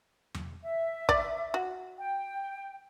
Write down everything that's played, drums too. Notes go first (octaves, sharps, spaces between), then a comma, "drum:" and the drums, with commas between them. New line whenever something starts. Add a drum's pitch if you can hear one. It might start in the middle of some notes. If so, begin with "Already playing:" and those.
drum: tom E2
E5
D5, drum: kick
F#4
G5